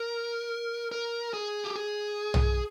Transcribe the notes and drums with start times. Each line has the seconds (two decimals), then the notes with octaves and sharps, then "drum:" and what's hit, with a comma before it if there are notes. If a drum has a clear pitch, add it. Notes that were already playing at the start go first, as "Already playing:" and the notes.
Already playing: A#4
0.92 A#4
1.33 G#4
1.64 G4
1.76 G#4
2.34 drum: tom B1